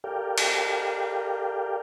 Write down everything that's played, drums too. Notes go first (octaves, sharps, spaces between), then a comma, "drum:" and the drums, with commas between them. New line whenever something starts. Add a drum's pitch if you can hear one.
G4 A4 A#4 D5 F5 G5
drum: cymbal